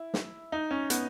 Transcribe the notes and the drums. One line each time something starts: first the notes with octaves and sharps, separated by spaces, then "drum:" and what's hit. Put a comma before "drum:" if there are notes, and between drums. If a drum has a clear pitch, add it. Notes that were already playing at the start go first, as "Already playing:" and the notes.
Already playing: E4
drum: snare
D#4
C#4
B3, drum: hi-hat